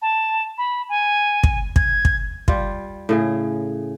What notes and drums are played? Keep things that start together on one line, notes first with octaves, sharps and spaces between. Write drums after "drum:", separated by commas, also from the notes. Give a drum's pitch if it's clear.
A5
B5
G#5
drum: kick
G#6, drum: kick
drum: kick
G3 F4, drum: kick
A2 C#3 G#4